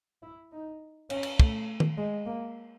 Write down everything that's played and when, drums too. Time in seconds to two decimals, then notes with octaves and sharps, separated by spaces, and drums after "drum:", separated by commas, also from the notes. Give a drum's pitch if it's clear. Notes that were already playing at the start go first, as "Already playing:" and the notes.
0.23 E4
0.52 D#4
1.10 C#4, drum: cymbal
1.23 drum: cymbal
1.40 A3, drum: kick
1.80 drum: tom D#3
1.97 G#3
2.26 A#3